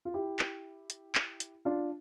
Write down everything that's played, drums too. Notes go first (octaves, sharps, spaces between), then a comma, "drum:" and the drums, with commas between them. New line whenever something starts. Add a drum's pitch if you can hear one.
F4
E4 G4
drum: clap
drum: hi-hat
drum: clap
drum: hi-hat
D4 F4